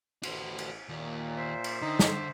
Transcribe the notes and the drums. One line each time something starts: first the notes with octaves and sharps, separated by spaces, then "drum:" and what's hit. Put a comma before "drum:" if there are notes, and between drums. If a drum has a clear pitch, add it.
A1 F#4 C5, drum: cymbal
drum: cymbal
D#2 A#2
C5 E5
drum: cymbal
D3 D#3 D#4
drum: snare